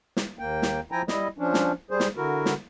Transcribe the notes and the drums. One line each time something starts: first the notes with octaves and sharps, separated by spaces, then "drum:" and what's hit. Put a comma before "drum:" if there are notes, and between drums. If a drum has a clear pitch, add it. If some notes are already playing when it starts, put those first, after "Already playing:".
drum: snare
D#2 A#3 G5
drum: snare
F3 E4 G5 G#5 A#5
G3 E4 D#5, drum: snare
F3 C#4 D4
drum: snare
G3 G#4 C5
drum: snare
D3 E4 F#4 A#4
drum: snare